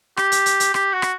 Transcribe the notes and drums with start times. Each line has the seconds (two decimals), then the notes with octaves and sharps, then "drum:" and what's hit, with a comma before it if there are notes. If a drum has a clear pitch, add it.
0.17 G4, drum: rim click
0.32 drum: hi-hat
0.46 drum: hi-hat
0.60 drum: hi-hat
0.74 G4, drum: rim click
0.93 F#4
1.02 drum: rim click